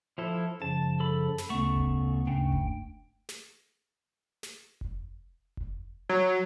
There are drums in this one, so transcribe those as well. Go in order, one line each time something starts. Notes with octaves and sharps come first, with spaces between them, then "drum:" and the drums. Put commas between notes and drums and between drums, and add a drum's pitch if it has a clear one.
F3 E4 A4
F#2 C#3 F3 A5
A4 B5
drum: snare
D2 C#3 A3 B3 C#6
drum: kick F1
D2 G2 C#3 G5
drum: kick F1
drum: snare
drum: snare
drum: kick F1
drum: kick F1
F#3